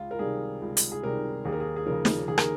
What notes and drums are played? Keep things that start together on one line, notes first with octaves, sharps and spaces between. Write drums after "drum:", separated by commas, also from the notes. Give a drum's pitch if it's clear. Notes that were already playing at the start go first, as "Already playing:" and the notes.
Already playing: C#2 F4
A#4
C3 D#3 G3 G#4
C#2
drum: hi-hat
G#4
C3 D#3 G3 A#4
D#2 G#4
A#4
G#4
G#4
C#3 F3 A#4
drum: snare
D#2 G#4
A#4, drum: rim click